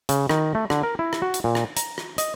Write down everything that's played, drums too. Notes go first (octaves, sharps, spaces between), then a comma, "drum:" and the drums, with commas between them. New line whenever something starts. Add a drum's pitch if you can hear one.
C#3, drum: hi-hat
D#3, drum: rim click
A3
D3, drum: rim click
A#4
E4
drum: rim click
F#4
drum: hi-hat
A#2
drum: rim click
A#5, drum: hi-hat
drum: rim click
D#5, drum: hi-hat